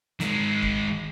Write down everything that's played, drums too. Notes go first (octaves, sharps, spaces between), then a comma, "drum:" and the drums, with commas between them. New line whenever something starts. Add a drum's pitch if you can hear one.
D#3 G#3, drum: snare
drum: kick F#1